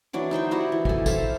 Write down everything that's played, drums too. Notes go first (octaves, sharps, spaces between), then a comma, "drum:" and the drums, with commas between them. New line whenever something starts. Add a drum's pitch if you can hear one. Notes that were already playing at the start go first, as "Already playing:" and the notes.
E3 F#3 D4 D6
D#4 C5 G5 C#6
E4 F#4 G4 D5
E3
A4 G#5, drum: kick
A4 C5 E5 F5, drum: kick, tambourine